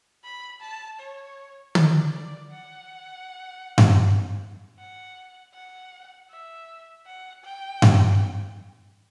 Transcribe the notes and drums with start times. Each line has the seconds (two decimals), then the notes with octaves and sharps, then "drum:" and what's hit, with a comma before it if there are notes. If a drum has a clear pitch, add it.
0.24 B5
0.61 A5
1.00 C#5
1.75 D5, drum: tom
2.13 D5
2.51 F#5
3.78 drum: tom G2
4.79 F#5
5.55 F#5
6.30 E5
7.07 F#5
7.44 G5
7.82 drum: tom G2